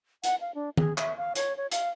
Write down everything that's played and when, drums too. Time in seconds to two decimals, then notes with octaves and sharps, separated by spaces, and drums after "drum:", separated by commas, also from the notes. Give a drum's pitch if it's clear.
0.24 F#5, drum: hi-hat
0.41 F5
0.55 D4
0.77 G#4, drum: tom
0.98 E5, drum: clap
1.17 F5
1.35 C#5, drum: hi-hat
1.57 C#5
1.72 F5, drum: hi-hat